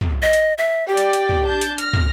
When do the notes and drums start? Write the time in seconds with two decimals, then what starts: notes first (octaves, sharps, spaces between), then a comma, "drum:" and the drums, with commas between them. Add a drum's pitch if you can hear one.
0.01 drum: tom
0.22 D#5
0.33 drum: hi-hat
0.58 E5
0.88 G4 D5 G5
0.97 drum: hi-hat
1.13 drum: hi-hat
1.29 drum: tom
1.45 D4 A5 G6
1.61 drum: hi-hat
1.78 F6 A#6, drum: hi-hat
1.93 drum: tom